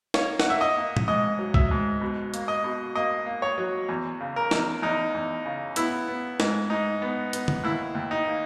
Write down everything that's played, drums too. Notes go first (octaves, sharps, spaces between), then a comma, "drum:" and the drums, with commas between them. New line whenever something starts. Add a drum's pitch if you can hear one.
A#3 C#5, drum: snare
F#5, drum: snare
A#3 E5
D#5
A#3
drum: tom
G#2 D#5
F#3
E5, drum: kick B1
G#2
B2
A#3, drum: hi-hat
D#5
B2
A#3 D#5
A#3
C#5
F#3
E2
C#3
A#4
E2, drum: snare
E2 D#4
E2
C#3
B3 E4, drum: hi-hat
B3
G#2, drum: snare
G#2 D#4
B3
B3, drum: hi-hat
drum: tom D3
D#2 E4
D#2
D#4
A#3